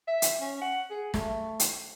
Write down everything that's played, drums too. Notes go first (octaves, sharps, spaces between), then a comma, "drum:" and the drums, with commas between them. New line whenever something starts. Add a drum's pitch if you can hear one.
E5
drum: hi-hat
C#4
F#5
G#4
A3, drum: snare
drum: hi-hat